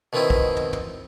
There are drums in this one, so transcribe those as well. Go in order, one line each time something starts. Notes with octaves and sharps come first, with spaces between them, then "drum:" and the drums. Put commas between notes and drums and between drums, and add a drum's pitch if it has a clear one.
B2 D#3 B3 C4 E4
drum: kick
drum: tom
drum: tom